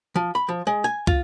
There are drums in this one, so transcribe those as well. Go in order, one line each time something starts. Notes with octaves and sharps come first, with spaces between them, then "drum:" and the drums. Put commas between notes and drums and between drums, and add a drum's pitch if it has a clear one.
F3
B5
F3
G#3
G#5
F4, drum: kick